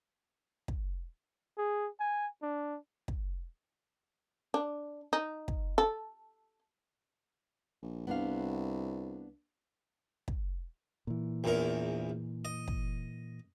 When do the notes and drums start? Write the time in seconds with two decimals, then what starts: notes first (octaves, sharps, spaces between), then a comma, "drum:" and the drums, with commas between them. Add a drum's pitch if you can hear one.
0.68 drum: kick
1.58 G#4
2.00 G#5
2.43 D4
3.08 drum: kick
4.54 D4
5.13 D#4
5.48 drum: kick
5.78 A4
7.83 A#1
8.07 C2 B3 D4 F5
10.28 drum: kick
11.07 A#2 E3
11.44 A#1 E2 A#4
12.45 D#5
12.68 drum: kick